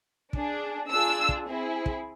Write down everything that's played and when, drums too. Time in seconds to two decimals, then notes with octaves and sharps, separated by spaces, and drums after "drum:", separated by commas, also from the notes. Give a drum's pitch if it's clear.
0.33 D4 G#4, drum: kick
0.90 D4 F4 G#4 E6
1.29 drum: kick
1.48 C4 E4 G#4
1.86 drum: kick